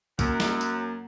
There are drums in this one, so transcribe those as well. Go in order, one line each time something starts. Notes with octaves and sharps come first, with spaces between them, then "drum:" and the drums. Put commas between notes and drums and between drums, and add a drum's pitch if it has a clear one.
F#2 A#3, drum: kick, hi-hat
drum: snare
drum: hi-hat